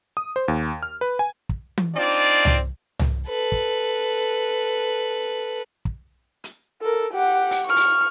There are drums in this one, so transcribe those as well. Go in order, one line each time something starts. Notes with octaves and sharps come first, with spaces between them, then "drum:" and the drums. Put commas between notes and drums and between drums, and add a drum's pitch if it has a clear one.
D#6
C5
D#2
F6
B4
G#5
drum: kick
drum: tom E3
C4 D4 D#4 F4 D5
drum: tom C2
drum: tom C2
A4 B4
drum: kick
drum: kick
drum: hi-hat
A4 A#4
G4 F#5
drum: open hi-hat
C#6 F6
drum: open hi-hat